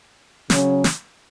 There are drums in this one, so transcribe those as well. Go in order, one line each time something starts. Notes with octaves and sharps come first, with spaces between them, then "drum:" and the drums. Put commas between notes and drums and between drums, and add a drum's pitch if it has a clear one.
C#3 F#3 C#4, drum: snare
drum: snare